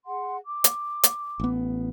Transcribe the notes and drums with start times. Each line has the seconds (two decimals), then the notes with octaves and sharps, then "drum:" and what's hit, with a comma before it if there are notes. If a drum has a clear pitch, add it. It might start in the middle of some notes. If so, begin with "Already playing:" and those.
0.05 G#4 F#5 C6
0.44 D6
0.64 drum: hi-hat
1.03 drum: hi-hat
1.40 A1 B3